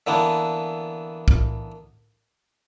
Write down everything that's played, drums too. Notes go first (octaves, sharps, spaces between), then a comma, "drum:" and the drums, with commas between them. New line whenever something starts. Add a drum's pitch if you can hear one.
D3 E3 A#3 B3 D4
drum: kick B1